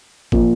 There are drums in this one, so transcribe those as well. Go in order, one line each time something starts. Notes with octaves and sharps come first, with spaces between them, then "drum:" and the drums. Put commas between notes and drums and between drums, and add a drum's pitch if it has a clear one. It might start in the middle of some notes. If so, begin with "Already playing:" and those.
A#2 F3 A#3, drum: kick